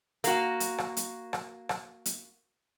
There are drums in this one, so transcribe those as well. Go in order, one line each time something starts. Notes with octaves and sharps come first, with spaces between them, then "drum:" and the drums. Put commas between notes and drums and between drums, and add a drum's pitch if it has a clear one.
A#3 F#4, drum: hi-hat
drum: hi-hat
drum: rim click
drum: hi-hat
drum: rim click
drum: rim click
drum: hi-hat